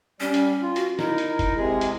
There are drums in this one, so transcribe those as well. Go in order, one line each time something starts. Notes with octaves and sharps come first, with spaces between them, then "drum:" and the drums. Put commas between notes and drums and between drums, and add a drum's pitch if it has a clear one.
G3 C#4
drum: hi-hat
F4
F#4, drum: hi-hat
D#4 E4 A#4, drum: snare
drum: hi-hat
drum: kick F#1, hi-hat
C3 G#3 G#4
drum: hi-hat